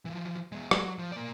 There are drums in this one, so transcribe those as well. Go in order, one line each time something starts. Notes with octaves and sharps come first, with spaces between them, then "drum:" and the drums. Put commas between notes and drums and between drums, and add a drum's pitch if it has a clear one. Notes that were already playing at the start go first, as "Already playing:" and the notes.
E3 F3
G#3 B3
F#3, drum: rim click
F3
A#3 D5